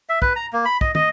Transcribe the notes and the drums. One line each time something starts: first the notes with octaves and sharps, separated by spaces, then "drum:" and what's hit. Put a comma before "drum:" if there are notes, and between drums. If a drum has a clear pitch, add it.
E5
B4, drum: kick
A#5
A#3
B5
D#5, drum: kick
D#5, drum: tom